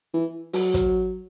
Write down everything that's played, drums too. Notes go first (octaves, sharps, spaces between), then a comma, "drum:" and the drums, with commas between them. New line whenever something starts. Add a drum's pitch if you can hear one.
E3
F#3, drum: open hi-hat
drum: kick, hi-hat